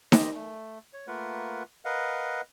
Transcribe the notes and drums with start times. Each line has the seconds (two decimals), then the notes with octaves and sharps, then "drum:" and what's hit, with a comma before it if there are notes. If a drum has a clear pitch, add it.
0.12 G4 C5 D#5, drum: snare D#4
0.34 A3
0.93 C#5
1.07 A3 A#3 F4 A#4 B4 F#5
1.85 A#4 B4 D#5 F5 F#5